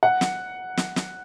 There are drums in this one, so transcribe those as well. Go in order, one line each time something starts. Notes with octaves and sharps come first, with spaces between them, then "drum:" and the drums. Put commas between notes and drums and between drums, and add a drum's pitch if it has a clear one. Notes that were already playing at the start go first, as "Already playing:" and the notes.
F#5
drum: snare
drum: snare
drum: snare